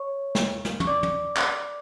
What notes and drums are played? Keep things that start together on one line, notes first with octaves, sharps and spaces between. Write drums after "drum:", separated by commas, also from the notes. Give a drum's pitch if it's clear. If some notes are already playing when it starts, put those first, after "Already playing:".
Already playing: C#5 C#6
drum: snare
drum: snare
C#6, drum: tom
D5 D6
drum: tom
drum: clap